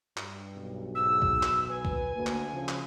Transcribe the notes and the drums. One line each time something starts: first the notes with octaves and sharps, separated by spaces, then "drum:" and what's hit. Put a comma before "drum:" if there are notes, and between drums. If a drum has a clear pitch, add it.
G2, drum: clap
B1
G#2 E6
drum: kick
drum: clap
B4 G#5
drum: kick
D2 A#3
drum: clap
C#3 F3
drum: clap